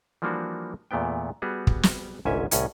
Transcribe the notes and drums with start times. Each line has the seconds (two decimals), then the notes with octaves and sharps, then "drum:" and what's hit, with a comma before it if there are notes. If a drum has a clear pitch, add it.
0.22 E3 F3 G3 A#3 D4 F#4
0.91 E2 A#2 A3 B3 G5
1.42 G3 B3 F#4 G#4
1.67 drum: kick
1.83 drum: snare
2.25 G1 C2 G#2 C#4 E5 G#5
2.51 C2 A2 C#4 G#5, drum: hi-hat